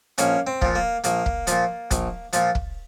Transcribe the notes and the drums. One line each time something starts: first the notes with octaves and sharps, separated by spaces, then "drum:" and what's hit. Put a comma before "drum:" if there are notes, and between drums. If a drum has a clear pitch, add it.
A#1 A#3 C#4, drum: hi-hat
C4
A#2 F3, drum: kick
A#3
A#1 A#3, drum: hi-hat
drum: kick
A#2 F3, drum: hi-hat
A#1, drum: kick, hi-hat
A#2 F3, drum: hi-hat
drum: kick